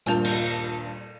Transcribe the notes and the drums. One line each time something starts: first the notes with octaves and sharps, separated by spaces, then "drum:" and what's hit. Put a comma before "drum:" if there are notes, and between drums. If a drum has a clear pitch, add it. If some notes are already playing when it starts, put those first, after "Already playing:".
D#1 G2 A#2 A5 G6 F7, drum: hi-hat
drum: cymbal